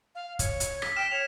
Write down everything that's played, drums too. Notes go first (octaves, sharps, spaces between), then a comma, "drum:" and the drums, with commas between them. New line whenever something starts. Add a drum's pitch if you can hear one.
F5
C#5, drum: kick, hi-hat
drum: hi-hat
B6, drum: rim click
G5 F6 E7
C#5 E7 F7